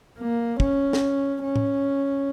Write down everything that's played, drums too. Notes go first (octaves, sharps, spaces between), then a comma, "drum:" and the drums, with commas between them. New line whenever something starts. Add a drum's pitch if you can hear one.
A#3
C#4, drum: kick
drum: snare
C#4
drum: tom